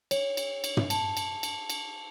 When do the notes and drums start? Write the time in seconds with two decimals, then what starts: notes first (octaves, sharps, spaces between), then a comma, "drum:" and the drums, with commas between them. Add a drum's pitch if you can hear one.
0.11 C#5, drum: cymbal
0.37 drum: cymbal
0.64 drum: cymbal
0.77 drum: tom
0.90 A5, drum: cymbal
1.17 drum: cymbal
1.43 drum: cymbal
1.70 drum: cymbal